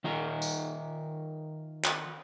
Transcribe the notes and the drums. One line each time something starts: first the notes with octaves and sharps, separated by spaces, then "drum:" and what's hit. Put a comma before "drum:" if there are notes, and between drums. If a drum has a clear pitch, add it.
D#3 F4 D#5 A#5
drum: tambourine
drum: clap